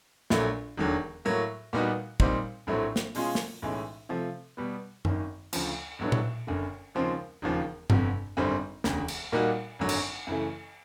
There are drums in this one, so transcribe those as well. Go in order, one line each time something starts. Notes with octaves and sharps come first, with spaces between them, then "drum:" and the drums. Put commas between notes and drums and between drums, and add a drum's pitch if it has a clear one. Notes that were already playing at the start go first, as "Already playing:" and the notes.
A#1 A#2 F#3 A3, drum: snare
E1 D#2 D3 F#3
A2 F#3 A#3
A#2 G3 B3 D#4 F#4
A#2 G3 C4 D#4, drum: kick
A#1 A2 F#3 A3 C4
drum: snare
B2 G#3 C#4 F4, drum: open hi-hat
drum: snare
B1 A2 E3 G#3 C#4
C3 F3 A3
B2 G3 B3
G#1 F#2 D#3, drum: tom F#2
D2 C#3 F3, drum: cymbal
B1 A2 F#3 B3 D4
drum: tom A#2
F#1 F#2 D3
D#2 C#3 F3 G#3 C4
E1 D#2 C#3 F3
G1 F2 C3, drum: tom G2
G#1 F#2 D3 G3 C4
E1 D2 C#3, drum: snare
drum: cymbal
A#2 G3 A#3 D#4 F#4
G#1 F#2 D3 F#3
drum: cymbal
F#2 C#3 E3 A3